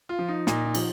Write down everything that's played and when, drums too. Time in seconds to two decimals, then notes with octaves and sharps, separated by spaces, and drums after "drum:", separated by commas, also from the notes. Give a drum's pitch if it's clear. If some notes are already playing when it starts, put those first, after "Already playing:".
0.09 F4
0.19 F3
0.29 D#4
0.47 A#2 D#4, drum: snare
0.65 D#4
0.75 F3, drum: cymbal